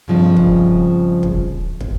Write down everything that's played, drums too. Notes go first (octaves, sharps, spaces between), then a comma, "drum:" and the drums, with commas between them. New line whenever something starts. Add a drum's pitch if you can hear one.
G2 C#3 F3 G#3 C4
drum: kick
drum: kick
drum: kick